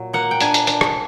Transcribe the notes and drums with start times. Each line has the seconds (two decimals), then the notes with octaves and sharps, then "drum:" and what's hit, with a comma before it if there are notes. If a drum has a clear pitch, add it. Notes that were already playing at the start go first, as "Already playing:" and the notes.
Already playing: A#2 F#3
0.13 A#3 F#5
0.31 G5
0.40 D4 G#5, drum: hi-hat
0.54 drum: hi-hat
0.67 D4, drum: hi-hat
0.81 drum: rim click